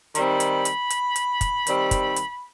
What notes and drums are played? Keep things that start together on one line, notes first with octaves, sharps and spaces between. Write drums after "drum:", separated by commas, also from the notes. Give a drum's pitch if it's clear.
D#3 G3 C4 B5, drum: hi-hat
drum: hi-hat
drum: hi-hat
drum: hi-hat
drum: hi-hat
drum: kick, hi-hat
D#3 G3 C4, drum: hi-hat
drum: kick, hi-hat
drum: hi-hat